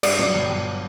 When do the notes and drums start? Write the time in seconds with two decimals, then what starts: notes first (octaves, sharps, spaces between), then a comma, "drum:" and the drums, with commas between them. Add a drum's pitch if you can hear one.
0.03 G2 D5, drum: cymbal
0.19 F#3 D5, drum: tom
0.35 G1
0.50 G1